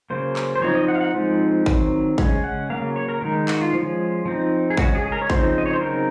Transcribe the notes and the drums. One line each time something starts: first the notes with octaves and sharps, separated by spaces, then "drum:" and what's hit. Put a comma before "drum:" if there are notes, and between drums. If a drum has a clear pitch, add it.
C#3 F#3 A#3 C5
drum: clap
C5
F3 C4 D#4 C#5
D#5
F#5
F5
F#5
F3 G#3 C4 D#4
D#3 F#3 C4, drum: kick
C#3 G#3 C#4, drum: kick
F#5
C#3 F#3 A#3 F5
C#5
A#4
D#3 G#3 D#4 A#4
F#4, drum: clap
F4
F3 G#3 C#4
F3 C4 D#4
G#4
C#3 G#3 C#4 F#4, drum: kick
G#4
G#4
A#4
C#5
C#3 F3 C4 D#4 C5, drum: kick
D#5
C#5
C5
C#3 F#3 C4 D#4 A#4